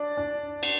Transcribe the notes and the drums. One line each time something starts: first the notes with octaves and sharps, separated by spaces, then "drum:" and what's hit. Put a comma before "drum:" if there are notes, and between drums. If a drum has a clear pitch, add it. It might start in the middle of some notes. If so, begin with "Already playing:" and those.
Already playing: D4 D5
D4
drum: cymbal